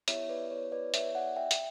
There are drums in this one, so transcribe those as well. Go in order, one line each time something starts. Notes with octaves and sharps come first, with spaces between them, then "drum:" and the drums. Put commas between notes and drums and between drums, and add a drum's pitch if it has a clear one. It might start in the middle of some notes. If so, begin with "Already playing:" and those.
B3 E4 G4 C#5 E5, drum: hi-hat
B4 D5
C#5
B4 D5
C#5 E5, drum: hi-hat
D5 F#5
E5 G5
drum: hi-hat